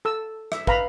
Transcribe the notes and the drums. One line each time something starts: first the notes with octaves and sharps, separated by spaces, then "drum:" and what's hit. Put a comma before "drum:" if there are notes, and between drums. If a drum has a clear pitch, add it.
A4 E6
E5, drum: rim click
B4 F5 A#5 B5, drum: kick